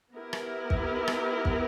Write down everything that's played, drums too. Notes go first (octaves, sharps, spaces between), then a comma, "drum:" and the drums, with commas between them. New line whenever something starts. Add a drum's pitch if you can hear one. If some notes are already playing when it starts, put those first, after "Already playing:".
B3 E4 G4 A#4
drum: rim click
drum: kick
drum: rim click
drum: kick